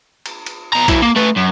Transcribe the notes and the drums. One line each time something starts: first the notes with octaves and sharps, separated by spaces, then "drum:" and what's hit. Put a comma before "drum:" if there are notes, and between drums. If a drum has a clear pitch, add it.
drum: cymbal
drum: cymbal
B2 A#5
F#3 E4, drum: kick B1, cymbal
A#3
A3 B4
F#2